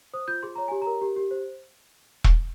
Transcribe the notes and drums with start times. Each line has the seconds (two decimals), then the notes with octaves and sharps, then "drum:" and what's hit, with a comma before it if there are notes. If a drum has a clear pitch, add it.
0.14 C5 D#6
0.28 F4 G6
0.43 G#4 C6
0.55 C#5 A#5
0.68 G4 G#5
0.82 A#4 A#5
1.02 G4
1.16 G4
1.31 C5
2.24 drum: kick E1